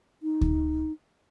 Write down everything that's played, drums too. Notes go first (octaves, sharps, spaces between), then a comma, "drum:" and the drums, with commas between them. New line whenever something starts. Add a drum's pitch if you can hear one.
D#4
drum: kick D2